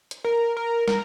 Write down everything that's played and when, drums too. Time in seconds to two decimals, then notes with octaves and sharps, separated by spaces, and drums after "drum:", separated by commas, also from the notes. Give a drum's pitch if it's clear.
0.11 drum: hi-hat
0.24 A#4
0.57 A#4
0.88 A#4, drum: snare